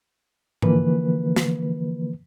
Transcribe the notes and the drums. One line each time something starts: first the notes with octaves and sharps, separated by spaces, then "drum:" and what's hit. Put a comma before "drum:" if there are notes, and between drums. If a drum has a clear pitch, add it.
D3 E3 F3 A#3 B4, drum: tom G#2
drum: snare